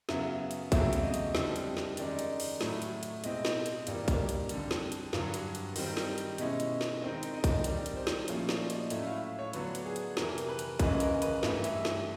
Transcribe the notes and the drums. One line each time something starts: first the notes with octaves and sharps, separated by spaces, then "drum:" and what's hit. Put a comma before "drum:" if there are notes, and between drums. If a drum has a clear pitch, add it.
F#2 C#3 F#3 B3 E5, drum: snare
drum: hi-hat
E2 C#3 F#3 A3 C4 E5, drum: kick, hi-hat
drum: hi-hat
D#5
drum: hi-hat
F2 D3 G3, drum: snare
drum: hi-hat
drum: snare
F#2 D#3 G#3 D5, drum: hi-hat
drum: hi-hat
drum: open hi-hat
A2 F#3 A3, drum: snare
drum: hi-hat
drum: hi-hat
B2 G#3 C4 E4 D#5, drum: hi-hat
drum: snare
drum: hi-hat
G2 D#3 G3 A#3 D5, drum: hi-hat
drum: kick, hi-hat
drum: hi-hat
F2 D3 G3, drum: hi-hat
drum: snare
drum: hi-hat
G2 D3 F#3, drum: snare
drum: hi-hat
drum: hi-hat
D#3 G3 C4, drum: open hi-hat
drum: snare
drum: hi-hat
B2 G#3 C#4 E4, drum: hi-hat
drum: hi-hat
drum: snare
D#3 G#3 C4 D#4 D#5
drum: hi-hat
D#5
drum: kick, hi-hat
D#3 G3 C4 D5, drum: hi-hat
drum: hi-hat
C5
drum: snare
A#2 F3 A3 C#4 E4 C#5, drum: hi-hat
D5, drum: snare
D#5, drum: hi-hat
A2 F#3 A3 C#4 E4 E5, drum: hi-hat
F5
E5
C#5
D3 F#3 B3 D4 B4, drum: hi-hat
drum: hi-hat
G#4
drum: hi-hat
F2 C3 E3 A#4, drum: snare
drum: hi-hat
B4
drum: hi-hat
F#2 C#3 E3 G#3 C#4 B4, drum: kick, hi-hat
A#4, drum: hi-hat
B4, drum: hi-hat
G2 E3 A3 E5, drum: snare
E5, drum: hi-hat
drum: snare